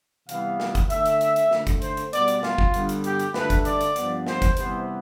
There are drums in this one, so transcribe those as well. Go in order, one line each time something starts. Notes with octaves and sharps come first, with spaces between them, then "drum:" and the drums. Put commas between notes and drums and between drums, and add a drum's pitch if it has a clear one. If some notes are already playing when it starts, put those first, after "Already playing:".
C3 E3 G3 B3 F5, drum: hi-hat
drum: snare
drum: kick G1, hi-hat
D3 A3 E5, drum: hi-hat
drum: hi-hat
drum: hi-hat
drum: hi-hat
D3 A3, drum: snare
drum: kick G1, hi-hat
C5, drum: hi-hat
drum: hi-hat
B2 G3 B3 D5, drum: hi-hat
drum: hi-hat
F4, drum: snare
drum: kick G1
G2 D3 G3 B3, drum: hi-hat
drum: hi-hat
G4, drum: hi-hat
drum: hi-hat
G2 D3 A3 B4, drum: snare
drum: kick G1, hi-hat
D5, drum: hi-hat
drum: hi-hat
G2 F3 B3, drum: hi-hat
C5, drum: snare
drum: kick G1, hi-hat
C3 E3 G3 B3 C5, drum: hi-hat